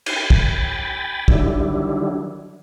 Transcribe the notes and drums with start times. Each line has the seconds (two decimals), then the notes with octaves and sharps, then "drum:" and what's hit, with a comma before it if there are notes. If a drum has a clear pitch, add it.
0.06 G5 G#5 B5 A6, drum: cymbal
0.30 drum: kick
1.28 D3 D#3 F#3 G3 D4 E4, drum: kick